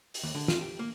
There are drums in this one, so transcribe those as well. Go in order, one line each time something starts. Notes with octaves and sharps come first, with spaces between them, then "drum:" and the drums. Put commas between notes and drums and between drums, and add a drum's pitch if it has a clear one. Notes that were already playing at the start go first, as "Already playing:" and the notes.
drum: open hi-hat
D#2
D3
F4, drum: snare
G4
A#3